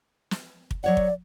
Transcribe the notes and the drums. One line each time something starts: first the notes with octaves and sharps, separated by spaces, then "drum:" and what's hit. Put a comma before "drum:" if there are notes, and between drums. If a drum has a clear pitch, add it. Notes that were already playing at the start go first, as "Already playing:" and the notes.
drum: snare
drum: kick
F#3 C#5 D5 F#5
drum: kick